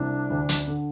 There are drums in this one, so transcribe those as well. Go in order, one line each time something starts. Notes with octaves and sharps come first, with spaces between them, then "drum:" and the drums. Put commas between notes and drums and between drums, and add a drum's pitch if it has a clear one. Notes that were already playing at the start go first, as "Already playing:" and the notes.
Already playing: C2 D4
D2
drum: hi-hat
D3